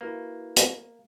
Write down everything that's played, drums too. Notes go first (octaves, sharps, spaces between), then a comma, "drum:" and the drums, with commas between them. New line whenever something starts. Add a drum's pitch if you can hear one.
A#3 E4 F#4 B4
drum: hi-hat